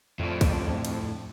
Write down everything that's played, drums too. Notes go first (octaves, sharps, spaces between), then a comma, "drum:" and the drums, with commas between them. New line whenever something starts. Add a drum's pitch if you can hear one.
F2 A2 D4
drum: kick, cymbal
drum: cymbal